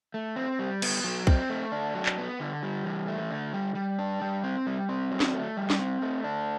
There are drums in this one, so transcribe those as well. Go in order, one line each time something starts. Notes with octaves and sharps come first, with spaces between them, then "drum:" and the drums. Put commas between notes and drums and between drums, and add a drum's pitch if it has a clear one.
A3
C4
G3
B3, drum: cymbal
F#3
C4, drum: kick
A3
D4
F#3
drum: clap
B3
D3
G3
E3
A3
D3
G3
G3
D4
G3
C4
G3
C4
F#3
drum: snare
A3
G3
drum: snare
C4
A3
D4